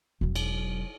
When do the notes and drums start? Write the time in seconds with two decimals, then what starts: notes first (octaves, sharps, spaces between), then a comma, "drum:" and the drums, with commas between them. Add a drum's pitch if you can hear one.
0.21 E1 F#3
0.36 drum: cymbal